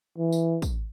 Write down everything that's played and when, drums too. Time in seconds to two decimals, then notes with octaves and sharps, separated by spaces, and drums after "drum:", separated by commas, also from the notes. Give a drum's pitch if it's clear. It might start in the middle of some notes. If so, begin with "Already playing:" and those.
0.18 E3
0.32 drum: tambourine
0.62 drum: kick, tambourine